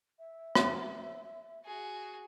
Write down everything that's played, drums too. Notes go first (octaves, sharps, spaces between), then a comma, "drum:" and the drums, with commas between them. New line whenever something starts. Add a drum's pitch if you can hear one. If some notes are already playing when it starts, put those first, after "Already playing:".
E5
drum: rim click
F#4 G#4